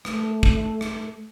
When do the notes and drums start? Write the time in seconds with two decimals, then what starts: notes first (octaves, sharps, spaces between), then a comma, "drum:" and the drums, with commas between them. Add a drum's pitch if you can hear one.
0.05 A3, drum: rim click
0.43 drum: kick
0.81 drum: rim click